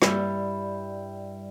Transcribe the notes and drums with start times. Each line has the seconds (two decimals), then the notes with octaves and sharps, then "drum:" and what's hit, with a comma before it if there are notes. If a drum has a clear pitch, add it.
0.02 G2 G3 E4, drum: rim click